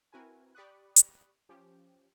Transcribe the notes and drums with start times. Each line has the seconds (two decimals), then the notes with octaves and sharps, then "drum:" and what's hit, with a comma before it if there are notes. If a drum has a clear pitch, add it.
0.12 C4 E4 F#4 A#4 B4 G#5
0.55 G4 D5 B5 C#6 D#6 F#6
0.96 drum: hi-hat
1.49 F3 C#4 G4